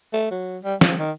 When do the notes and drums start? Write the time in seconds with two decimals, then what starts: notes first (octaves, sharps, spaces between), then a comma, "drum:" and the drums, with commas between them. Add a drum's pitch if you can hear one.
0.13 A3
0.31 F#3
0.64 G3
0.81 F3, drum: snare
0.99 D#3